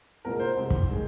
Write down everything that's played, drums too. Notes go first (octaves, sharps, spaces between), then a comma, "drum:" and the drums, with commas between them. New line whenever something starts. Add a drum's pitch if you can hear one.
C2 A#2 G#3 A#4
C5
C2 C3 G#3
drum: kick
D#3 G#3